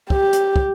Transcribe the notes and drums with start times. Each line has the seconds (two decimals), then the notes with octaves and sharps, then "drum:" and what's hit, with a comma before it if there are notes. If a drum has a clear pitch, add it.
0.10 G4, drum: kick
0.33 drum: hi-hat
0.56 drum: kick